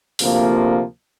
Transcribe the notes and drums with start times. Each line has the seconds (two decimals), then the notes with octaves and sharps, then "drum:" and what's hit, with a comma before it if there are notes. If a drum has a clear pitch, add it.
0.19 D2 C3 F3 A#3, drum: open hi-hat